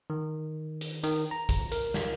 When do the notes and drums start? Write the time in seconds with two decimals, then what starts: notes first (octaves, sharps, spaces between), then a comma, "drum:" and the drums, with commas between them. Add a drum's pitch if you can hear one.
0.10 D#3
0.81 drum: hi-hat
1.03 D#3, drum: hi-hat
1.31 A#5
1.49 drum: kick, hi-hat
1.72 A#4, drum: hi-hat
1.94 drum: snare